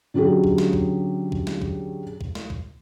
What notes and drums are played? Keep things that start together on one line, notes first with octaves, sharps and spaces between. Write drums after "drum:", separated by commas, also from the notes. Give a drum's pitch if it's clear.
D3 F#3 C#4 G4 G#4
drum: kick
drum: snare
drum: kick
drum: kick
drum: snare
drum: kick
drum: kick
drum: snare
drum: kick